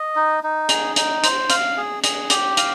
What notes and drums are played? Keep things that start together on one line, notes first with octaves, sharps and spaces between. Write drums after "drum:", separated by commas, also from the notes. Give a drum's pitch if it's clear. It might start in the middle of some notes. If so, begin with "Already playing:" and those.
Already playing: D#5
D#4
D#4
G#4, drum: hi-hat
D#4, drum: hi-hat
C5, drum: hi-hat
F5, drum: hi-hat
G#4
G#4, drum: hi-hat
G4, drum: hi-hat
F5, drum: hi-hat